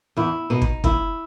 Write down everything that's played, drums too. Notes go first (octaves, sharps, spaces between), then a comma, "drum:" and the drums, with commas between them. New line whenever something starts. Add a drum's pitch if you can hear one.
E2 E4
B2 D#4
drum: kick
D#2 E4, drum: kick